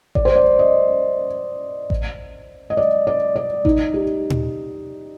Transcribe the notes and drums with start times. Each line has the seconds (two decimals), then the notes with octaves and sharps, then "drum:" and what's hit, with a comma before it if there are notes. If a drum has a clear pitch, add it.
0.15 D5, drum: kick A1
0.25 C5
0.36 D5
0.59 D#5
1.90 drum: kick A1
2.70 D#5
2.77 D5
3.07 D5
3.36 D5
3.65 D#4, drum: kick A1
3.94 G4
4.30 drum: tom A#2